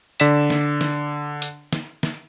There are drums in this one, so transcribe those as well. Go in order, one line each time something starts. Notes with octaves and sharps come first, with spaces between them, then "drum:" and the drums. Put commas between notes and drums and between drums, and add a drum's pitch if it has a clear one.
D3 D5 B6 E7, drum: hi-hat
drum: snare
drum: snare
drum: hi-hat
drum: snare
drum: snare